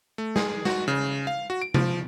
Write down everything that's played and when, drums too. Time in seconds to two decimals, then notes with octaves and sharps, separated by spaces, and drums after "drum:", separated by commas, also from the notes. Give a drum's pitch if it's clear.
0.18 A3
0.36 G#4, drum: snare
0.65 F#4, drum: snare
0.88 C#3
1.27 F5
1.50 F#4
1.62 D7
1.74 F3, drum: tom C3